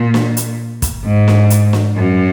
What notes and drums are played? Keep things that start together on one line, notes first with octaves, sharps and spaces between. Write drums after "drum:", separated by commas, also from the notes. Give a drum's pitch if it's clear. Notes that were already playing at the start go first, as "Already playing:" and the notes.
Already playing: A#2
drum: snare
drum: hi-hat
drum: kick, hi-hat
G#2
drum: snare
drum: hi-hat
drum: snare
F#2